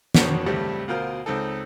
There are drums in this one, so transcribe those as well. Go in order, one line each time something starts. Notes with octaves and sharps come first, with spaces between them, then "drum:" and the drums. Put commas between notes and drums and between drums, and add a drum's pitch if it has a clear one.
B2 D3 D#3 F#3 C#4, drum: snare
C#2 G2 G3 A3 C4
D2 B2 F4 A#4 C5 F6
C#2 C4 D#4 A4